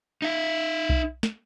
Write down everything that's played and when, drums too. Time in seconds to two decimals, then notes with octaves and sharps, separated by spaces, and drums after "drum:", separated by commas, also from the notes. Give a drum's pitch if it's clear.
0.22 D#4 E5
0.89 drum: kick B1
1.23 drum: snare